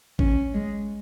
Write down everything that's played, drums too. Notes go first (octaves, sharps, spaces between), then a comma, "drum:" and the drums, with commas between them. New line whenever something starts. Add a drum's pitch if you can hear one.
C#4, drum: kick A1
G#3